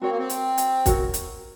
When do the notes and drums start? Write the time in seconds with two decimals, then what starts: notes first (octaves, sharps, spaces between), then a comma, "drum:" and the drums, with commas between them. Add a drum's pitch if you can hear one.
0.02 C4 F#4 A#4 C#5
0.09 A#3
0.18 C4
0.30 drum: hi-hat
0.58 drum: hi-hat
0.86 F#4 A#4 C#5, drum: kick, hi-hat
1.14 drum: hi-hat